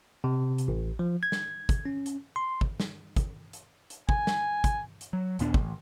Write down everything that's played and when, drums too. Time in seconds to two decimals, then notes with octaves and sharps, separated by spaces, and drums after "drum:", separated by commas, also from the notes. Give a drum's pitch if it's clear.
0.24 C3
0.58 drum: hi-hat
0.68 A1
0.99 F3
1.23 G#6
1.32 drum: snare
1.69 drum: kick, hi-hat
1.85 C#4
2.06 drum: hi-hat
2.36 C6
2.61 drum: kick
2.80 drum: snare
3.16 drum: kick, hi-hat
3.53 drum: hi-hat
3.90 drum: hi-hat
4.09 G#5, drum: kick
4.27 drum: snare
4.64 drum: kick, hi-hat
5.01 drum: hi-hat
5.13 F#3
5.39 D#2 A#2 B3 D4, drum: hi-hat
5.54 A1, drum: kick